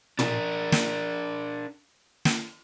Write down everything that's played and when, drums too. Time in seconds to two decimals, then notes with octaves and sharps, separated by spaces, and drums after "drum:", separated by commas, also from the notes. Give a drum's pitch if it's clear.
0.19 D4 A#4, drum: tom
0.72 drum: snare
2.25 drum: snare